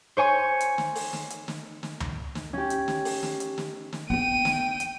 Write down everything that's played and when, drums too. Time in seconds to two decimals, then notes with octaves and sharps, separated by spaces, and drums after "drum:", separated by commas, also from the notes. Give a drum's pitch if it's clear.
0.17 C5 C#5 G#5 C#6
0.60 drum: hi-hat
0.78 drum: snare
0.95 drum: open hi-hat
1.13 drum: snare
1.30 drum: hi-hat
1.48 drum: snare
1.83 drum: snare
2.00 drum: tom C#2
2.35 drum: snare
2.53 C#4 G4
2.70 drum: hi-hat
2.88 drum: snare
3.05 drum: open hi-hat
3.23 drum: snare
3.40 drum: hi-hat
3.58 drum: snare
3.93 drum: snare
4.10 B3 D4 G5 D#7
4.45 drum: snare
4.80 drum: hi-hat